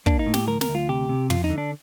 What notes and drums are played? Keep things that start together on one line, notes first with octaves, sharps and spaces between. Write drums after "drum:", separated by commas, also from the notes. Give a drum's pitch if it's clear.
A#3 D4, drum: kick
D#4
A2
G4, drum: snare
D2 A#4
A#4, drum: snare
D2
F4
C3 G4
C3
F2 F4, drum: tom
D#4
D3
D4